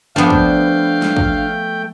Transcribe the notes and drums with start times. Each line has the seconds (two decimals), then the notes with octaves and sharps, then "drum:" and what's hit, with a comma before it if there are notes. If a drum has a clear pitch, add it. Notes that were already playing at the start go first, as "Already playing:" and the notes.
0.16 F3 A3 B3 D4 F5 G5
0.30 drum: kick
1.02 drum: snare
1.16 drum: kick